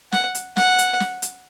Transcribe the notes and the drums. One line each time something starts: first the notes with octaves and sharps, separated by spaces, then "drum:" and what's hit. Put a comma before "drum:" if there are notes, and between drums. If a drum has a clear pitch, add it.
F#5, drum: snare
drum: hi-hat
F#5, drum: snare
drum: hi-hat
drum: snare
drum: hi-hat